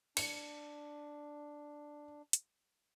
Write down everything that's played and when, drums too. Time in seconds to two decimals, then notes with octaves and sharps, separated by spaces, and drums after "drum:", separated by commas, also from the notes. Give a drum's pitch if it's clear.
0.17 D4 C#7, drum: cymbal
2.33 drum: hi-hat